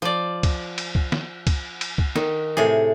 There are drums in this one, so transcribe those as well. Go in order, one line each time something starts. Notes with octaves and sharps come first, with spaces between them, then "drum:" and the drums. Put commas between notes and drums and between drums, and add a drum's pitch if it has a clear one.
F3 D5
drum: kick, cymbal
drum: cymbal
drum: kick
drum: snare
drum: kick, cymbal
drum: cymbal
drum: kick
D#3, drum: snare
A2 C3 G#4